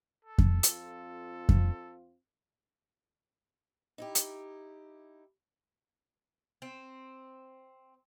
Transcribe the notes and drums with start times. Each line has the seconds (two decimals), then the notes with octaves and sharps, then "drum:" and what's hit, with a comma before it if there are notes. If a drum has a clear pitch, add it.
0.25 A4
0.39 drum: kick F2
0.63 F2 C4 F4, drum: hi-hat
1.49 drum: kick F2
3.98 D#4 E4 G4
4.15 drum: hi-hat
6.62 C4